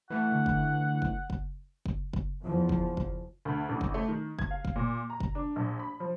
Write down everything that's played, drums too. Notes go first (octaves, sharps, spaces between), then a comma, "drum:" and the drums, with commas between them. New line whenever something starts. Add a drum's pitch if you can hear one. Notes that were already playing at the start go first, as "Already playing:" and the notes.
E3 A3 F#5
D3
drum: kick F#1
drum: kick F#1
drum: kick F#1
drum: kick F#1
drum: kick F#1
E2 F3
drum: kick F#1
drum: kick F#1
D2
A1
drum: kick F#1
A3
D#3
G#6, drum: kick F#1
F5
drum: kick F#1
A#2
A#5
drum: kick F#1
D4
A#1
B5
F3